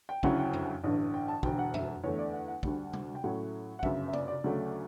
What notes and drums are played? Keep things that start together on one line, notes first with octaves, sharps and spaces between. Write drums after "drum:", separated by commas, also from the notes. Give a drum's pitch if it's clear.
G5
D2 C#3 F#3 C#4 E4 F#5, drum: kick
G5
drum: tom F2
A1 G2 D3
G5
A5
E1 D2 D3 G5, drum: kick
F#5
E5, drum: tom F2
E2 D3 A3 C#5
D5
F#5
F#5
D2 D3 G3 D4, drum: kick
drum: tom
G5
A2 F#3 A3 C#4 F#5
F#5
G1 F#2 C#3 E5, drum: kick
E5
D5, drum: tom C3
D5
D2 C#3 F#3 A3